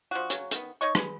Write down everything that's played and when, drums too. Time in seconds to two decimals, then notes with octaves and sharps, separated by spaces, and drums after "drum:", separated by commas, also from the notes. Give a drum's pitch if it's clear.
0.11 F3 D4 F#4
0.30 C#3 F#3, drum: hi-hat
0.51 D#3 B3, drum: hi-hat
0.81 D#4 C#5 D#5 C#6
0.95 G#4 B4, drum: rim click